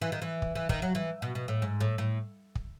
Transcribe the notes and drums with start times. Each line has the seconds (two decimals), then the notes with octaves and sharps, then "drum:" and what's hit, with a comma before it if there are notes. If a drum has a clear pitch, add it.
0.02 E3
0.12 D#3
0.22 E3
0.42 drum: kick
0.55 E3
0.69 D#3, drum: kick
0.82 F#3
0.95 E3
1.22 B2
1.35 B2
1.48 A2
1.62 G#2
1.80 A2
1.98 A2
2.55 drum: kick